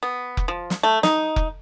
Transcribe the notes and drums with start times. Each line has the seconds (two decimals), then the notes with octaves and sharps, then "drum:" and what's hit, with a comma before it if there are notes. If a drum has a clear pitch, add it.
0.03 B3
0.37 drum: kick F1
0.48 F3
0.70 drum: snare
0.83 A3
1.03 D#4, drum: snare
1.36 drum: kick F1